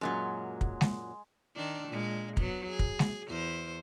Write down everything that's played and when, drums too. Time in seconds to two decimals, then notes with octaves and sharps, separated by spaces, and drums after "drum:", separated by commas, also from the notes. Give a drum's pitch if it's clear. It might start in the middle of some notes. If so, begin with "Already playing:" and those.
0.01 F#2 A#2 F#3 G#3
0.61 drum: kick
0.81 drum: snare G#3
1.56 D#3 D4
1.88 A#2 G#3
2.37 F#3 B3, drum: kick
2.70 G#4
2.79 drum: kick
2.99 drum: snare G#3
3.28 E2 C5